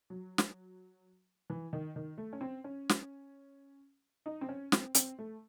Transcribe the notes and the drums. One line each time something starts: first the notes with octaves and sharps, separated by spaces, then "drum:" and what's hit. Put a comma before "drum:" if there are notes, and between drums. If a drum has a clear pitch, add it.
F#3
drum: snare
E3
D#3
D#3
A3
C#4
C4
C#4
drum: snare
D#4
C4
C#4
C4, drum: snare
C4, drum: hi-hat
A3